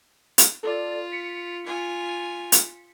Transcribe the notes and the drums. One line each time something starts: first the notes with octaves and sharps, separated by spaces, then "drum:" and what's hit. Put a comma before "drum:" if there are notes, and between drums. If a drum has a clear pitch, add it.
drum: hi-hat
F4 A4 D5
B6 C#7
F4 G#5
drum: hi-hat